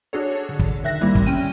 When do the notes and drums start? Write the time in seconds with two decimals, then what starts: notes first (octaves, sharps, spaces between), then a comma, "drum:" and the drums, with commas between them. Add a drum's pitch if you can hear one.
0.13 D4 F#4 G#4 A4 C#5
0.49 D3
0.59 drum: kick
0.84 D#3 E5 F#6 A#6
1.01 G3 A#3 C4 E4
1.15 drum: kick
1.26 C#4 G5 D#7